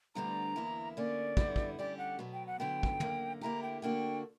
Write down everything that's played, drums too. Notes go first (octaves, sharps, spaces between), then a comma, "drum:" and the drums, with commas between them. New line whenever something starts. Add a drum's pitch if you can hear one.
D2 D3 G3 B3 D4 A#5
E2 D3 A#3 E4
D3 A#3 C#4 D5
D3 G3 B3 E4, drum: kick
drum: kick
D3 G3 C#4 G4 D5
F#5
B2 F#3 B3
G5
F#5
D3 F#3 B3 G5
drum: kick
F#2 D3 A#3, drum: tom
D3 A#3 E4 G4 A#5
G5
D3 A#3 D4 F#4 G5